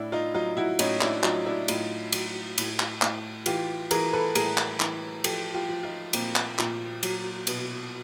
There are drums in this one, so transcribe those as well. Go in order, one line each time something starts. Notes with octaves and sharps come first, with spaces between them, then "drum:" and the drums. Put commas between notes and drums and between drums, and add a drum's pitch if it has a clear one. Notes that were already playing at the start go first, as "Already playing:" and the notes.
Already playing: A2 D4 E4
D#4 F4
F#3 D#4 F4
E4 F#4
A2 C#4 D#4, drum: cymbal
D4 E4, drum: clap
F#3 D#4 F4, drum: clap
D4 E4
A2 D#4 F4, drum: cymbal
F#3, drum: cymbal
A2, drum: cymbal
drum: clap
A2, drum: clap
E3 F4 G4, drum: cymbal
E3 G#4 A#4, drum: cymbal
A4 B4
A2 G#4 A#4, drum: cymbal
drum: clap
E3, drum: clap
F3 G4 A4, drum: cymbal
F4 G4
F3
D#4 F4
A#2 A#3 C4, drum: cymbal
drum: clap
A#2, drum: clap
F#3, drum: cymbal
B2, drum: cymbal